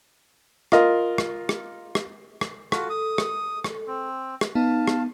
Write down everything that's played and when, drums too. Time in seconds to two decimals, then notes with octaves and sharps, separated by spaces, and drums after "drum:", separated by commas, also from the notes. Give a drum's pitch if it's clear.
0.72 F4 A#4 D#5, drum: rim click
1.18 drum: rim click
1.49 drum: rim click
1.95 drum: rim click
2.41 drum: rim click
2.72 F4 F#4 A4, drum: rim click
2.90 D#6
3.18 drum: rim click
3.64 drum: rim click
3.87 C4
4.41 drum: rim click
4.55 B3 D#4 F5 A5
4.87 drum: rim click